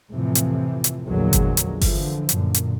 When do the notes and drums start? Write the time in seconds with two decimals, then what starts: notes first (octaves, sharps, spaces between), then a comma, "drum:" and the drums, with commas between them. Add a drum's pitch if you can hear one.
0.12 F2 A2 C3 E3 F3
0.35 drum: hi-hat
0.84 drum: hi-hat
1.04 A#1 E2 D3 F#3 G#3 A#3
1.33 drum: kick G1, hi-hat
1.57 drum: hi-hat
1.81 D3 E3 F3, drum: kick G1, open hi-hat
2.29 F#2 A#2 D3, drum: hi-hat
2.54 drum: hi-hat